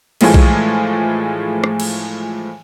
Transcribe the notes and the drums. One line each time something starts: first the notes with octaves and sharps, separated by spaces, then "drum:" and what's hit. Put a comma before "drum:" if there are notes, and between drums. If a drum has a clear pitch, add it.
A2 E3 F3 G#3 A3, drum: cymbal
drum: kick B1
drum: rim click
drum: cymbal